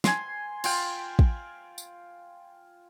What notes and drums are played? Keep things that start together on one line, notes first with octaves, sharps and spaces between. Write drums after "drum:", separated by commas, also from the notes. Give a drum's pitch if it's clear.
G#5 C6, drum: snare
F4 G5, drum: cymbal
drum: kick A1
drum: tambourine